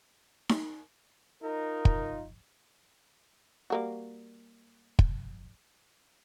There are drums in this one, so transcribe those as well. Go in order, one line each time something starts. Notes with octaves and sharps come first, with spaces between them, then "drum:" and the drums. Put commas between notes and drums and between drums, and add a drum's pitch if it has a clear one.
drum: snare D#4
D#4 F4 A#4
drum: kick
G3 A#3 F#4
drum: kick